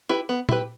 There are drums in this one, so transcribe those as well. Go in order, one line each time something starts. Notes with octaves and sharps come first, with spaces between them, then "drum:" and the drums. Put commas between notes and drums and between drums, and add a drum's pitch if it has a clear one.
E4 G4 B4
B3
E4 G4 B4, drum: tom A#2